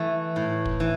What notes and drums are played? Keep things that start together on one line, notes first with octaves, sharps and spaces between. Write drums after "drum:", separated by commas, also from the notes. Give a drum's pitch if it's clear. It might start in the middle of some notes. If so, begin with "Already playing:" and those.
Already playing: E3 A3
A2
drum: kick
E3